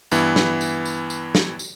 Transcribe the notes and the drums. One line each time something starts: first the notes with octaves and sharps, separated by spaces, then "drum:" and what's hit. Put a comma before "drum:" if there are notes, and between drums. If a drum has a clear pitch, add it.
G2 E3 B3, drum: tambourine
drum: snare
drum: tambourine
drum: tambourine
drum: tambourine
drum: snare
drum: tambourine